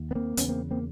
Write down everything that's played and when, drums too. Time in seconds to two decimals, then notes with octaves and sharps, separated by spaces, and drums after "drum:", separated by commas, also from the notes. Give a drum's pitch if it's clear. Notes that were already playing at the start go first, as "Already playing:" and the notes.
Already playing: D#2
0.11 B3
0.15 A#3 C4
0.37 E2 C#3 B3 C#4, drum: hi-hat
0.48 A#3 C4
0.71 A#3 C4